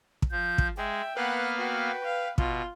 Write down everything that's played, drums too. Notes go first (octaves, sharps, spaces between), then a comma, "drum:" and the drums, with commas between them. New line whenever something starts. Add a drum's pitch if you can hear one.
drum: kick
F3 G6
drum: kick
G#3 E5 G5
A#3 B3 B4 F5 F#5 F#6
F#4 G5
F5
B2 F4, drum: kick